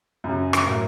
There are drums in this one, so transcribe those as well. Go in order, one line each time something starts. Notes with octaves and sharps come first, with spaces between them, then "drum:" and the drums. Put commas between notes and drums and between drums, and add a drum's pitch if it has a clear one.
F#2 C#3 F#3
drum: rim click
A2 F#3 A#4